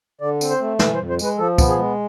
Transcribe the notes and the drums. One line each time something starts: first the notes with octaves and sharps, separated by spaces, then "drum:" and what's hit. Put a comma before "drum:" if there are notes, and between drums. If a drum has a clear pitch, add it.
D3 D5
C4, drum: tambourine
C5
A3
E3 B4, drum: snare
C5
F2
C5
G#3 B4, drum: tambourine
F3 A4
B3, drum: kick, tambourine
G#4
G#3